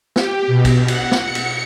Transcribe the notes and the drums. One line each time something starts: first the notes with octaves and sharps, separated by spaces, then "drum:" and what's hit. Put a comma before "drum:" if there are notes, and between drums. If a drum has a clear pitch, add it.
G4, drum: snare
B2
drum: kick, cymbal
F#5, drum: cymbal
drum: snare
C#7
drum: cymbal